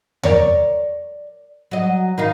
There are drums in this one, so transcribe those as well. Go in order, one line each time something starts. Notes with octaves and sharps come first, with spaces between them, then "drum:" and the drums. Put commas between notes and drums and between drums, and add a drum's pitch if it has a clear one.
A#4 C#5 D5, drum: tom E2
F#3 D#5
D#3 D#4 F4